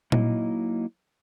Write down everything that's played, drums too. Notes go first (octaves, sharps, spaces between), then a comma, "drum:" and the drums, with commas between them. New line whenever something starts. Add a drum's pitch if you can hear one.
F#3 A#3 D#4 E4 D#5, drum: tom A#2